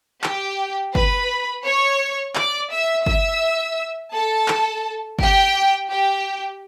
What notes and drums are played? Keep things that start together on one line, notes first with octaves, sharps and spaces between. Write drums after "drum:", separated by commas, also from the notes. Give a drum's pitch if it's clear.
G4 G5, drum: clap
B4 B5, drum: kick
C#5 C#6
D5 D6, drum: clap
E5 E6
E5 E6, drum: kick
A4 A5
drum: clap
G4 G5, drum: kick
G4 G5